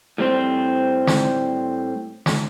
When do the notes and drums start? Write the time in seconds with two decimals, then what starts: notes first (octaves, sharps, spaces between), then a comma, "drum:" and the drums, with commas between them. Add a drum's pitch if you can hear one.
0.18 A2 G3 C4 C5
1.07 drum: snare
2.26 drum: snare